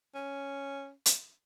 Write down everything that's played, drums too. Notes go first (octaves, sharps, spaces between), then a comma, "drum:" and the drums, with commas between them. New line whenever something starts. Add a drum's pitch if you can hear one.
C#4
drum: hi-hat